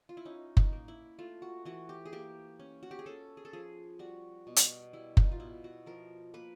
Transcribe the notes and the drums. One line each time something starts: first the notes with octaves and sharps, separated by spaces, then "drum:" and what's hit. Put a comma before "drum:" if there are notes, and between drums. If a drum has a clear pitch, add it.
F4
E4
C#4 D#4
D#4, drum: kick F#1
A#3
E4
A3 F4
F#4
E3 F#4
G4
G#4
A#3 G4
C#4
F#4
G4
G#4
C#4 A4
G#4
A4
F3 G#4
G3 F#4
B2
drum: hi-hat
G3 E4
D#4, drum: kick F#1
F4
B2 E4
F#4
F3 A#4
A#3 B4